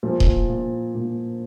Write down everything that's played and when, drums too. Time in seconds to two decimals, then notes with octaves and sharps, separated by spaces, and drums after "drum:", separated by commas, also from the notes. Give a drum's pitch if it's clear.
0.03 A#2 F3
0.20 drum: kick D#1
0.49 A#2
0.95 A#2